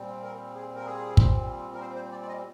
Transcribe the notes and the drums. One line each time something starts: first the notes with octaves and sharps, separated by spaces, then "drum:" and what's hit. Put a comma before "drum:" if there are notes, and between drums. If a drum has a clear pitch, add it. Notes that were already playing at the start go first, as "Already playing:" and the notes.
Already playing: A#2 G3 C4
A#4
G#4
A#4
G#4
drum: kick
A#4
C5
C5
D5
D5
D#5